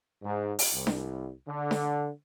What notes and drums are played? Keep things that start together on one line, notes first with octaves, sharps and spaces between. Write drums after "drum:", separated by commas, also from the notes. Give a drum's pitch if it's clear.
G#2
drum: open hi-hat
C2
drum: snare D4
D3
drum: snare D4